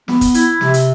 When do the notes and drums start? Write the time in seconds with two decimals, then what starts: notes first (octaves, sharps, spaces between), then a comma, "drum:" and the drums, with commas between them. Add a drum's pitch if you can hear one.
0.08 B3, drum: snare
0.21 drum: kick, hi-hat
0.34 E4, drum: hi-hat
0.61 C3, drum: snare
0.74 drum: hi-hat